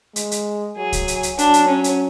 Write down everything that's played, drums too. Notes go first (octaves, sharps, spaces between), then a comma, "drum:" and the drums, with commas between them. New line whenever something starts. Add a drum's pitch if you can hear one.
G#3, drum: hi-hat
drum: hi-hat
F#3 G#4
drum: kick C2, hi-hat
drum: hi-hat
drum: hi-hat
F#3 D4, drum: hi-hat
drum: hi-hat
C#4
drum: hi-hat